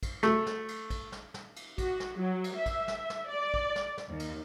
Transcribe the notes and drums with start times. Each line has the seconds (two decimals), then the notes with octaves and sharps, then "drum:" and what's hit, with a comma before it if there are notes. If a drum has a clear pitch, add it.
0.03 drum: kick, cymbal
0.23 A3, drum: snare
0.47 drum: snare
0.68 drum: cymbal
0.90 drum: kick, cymbal
1.12 drum: snare
1.34 drum: snare
1.56 drum: cymbal
1.78 F#4, drum: kick, cymbal
2.00 drum: snare
2.19 F#3
2.44 drum: cymbal
2.57 E5
2.66 drum: kick, cymbal
2.88 drum: snare
3.10 drum: snare
3.28 D5
3.54 drum: kick
3.76 drum: snare
3.98 drum: snare
4.09 D#2
4.20 drum: cymbal